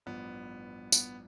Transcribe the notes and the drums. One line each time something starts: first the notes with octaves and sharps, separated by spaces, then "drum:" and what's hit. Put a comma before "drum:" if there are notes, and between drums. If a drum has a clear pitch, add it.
A1 G2 F3 B3
B3, drum: tambourine